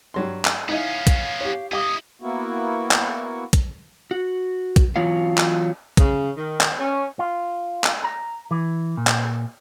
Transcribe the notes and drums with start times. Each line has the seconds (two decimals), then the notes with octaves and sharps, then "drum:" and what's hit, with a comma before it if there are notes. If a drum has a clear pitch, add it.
0.14 G2 F#3 C6
0.45 drum: clap
0.69 B3 C#4 D#4 E4 D#5 F5
1.07 drum: kick, hi-hat
1.41 G4 C#5
1.72 E4 G4 D#5 F5 D6 D#6
2.22 A#3 B3 E4 F#4
2.91 drum: clap
3.53 drum: kick, hi-hat
4.11 F#4
4.76 drum: kick, hi-hat
4.96 E3 F#3 B3 F4 C#5 F5
5.38 drum: clap
5.97 C#3, drum: kick, hi-hat
6.36 D#3
6.61 drum: clap
6.78 C#4
7.19 F4
7.84 drum: clap
8.04 A#5
8.51 E3
8.97 A#2
9.07 drum: clap